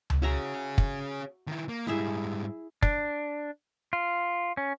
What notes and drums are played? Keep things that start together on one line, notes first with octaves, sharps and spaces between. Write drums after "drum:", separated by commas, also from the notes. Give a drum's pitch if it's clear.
drum: tom C#2
C#4 F#4 G#4 E5 A#5
drum: kick
D#3 E4
A#3
G#2 G3 E4 G#4 E5
D4, drum: kick
F4
C#4